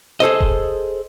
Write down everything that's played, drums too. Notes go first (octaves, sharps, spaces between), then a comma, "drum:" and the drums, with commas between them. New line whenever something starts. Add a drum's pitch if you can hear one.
G#4 A4 C5 D#5
drum: kick E1